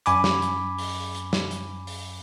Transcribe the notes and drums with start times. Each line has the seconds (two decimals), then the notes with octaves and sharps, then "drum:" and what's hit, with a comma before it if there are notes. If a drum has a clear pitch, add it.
0.06 F#2 G#5 B5 D6, drum: hi-hat
0.24 drum: snare
0.42 drum: hi-hat
0.78 drum: open hi-hat
1.15 drum: hi-hat
1.33 drum: snare
1.51 drum: hi-hat
1.87 drum: open hi-hat